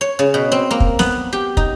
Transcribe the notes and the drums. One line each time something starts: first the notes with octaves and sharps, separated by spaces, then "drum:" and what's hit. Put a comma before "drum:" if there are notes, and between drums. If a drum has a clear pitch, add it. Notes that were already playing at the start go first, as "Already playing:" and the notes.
C#5
C#3
B2
C4
A#3
drum: kick
B3, drum: snare
G4
D#4, drum: kick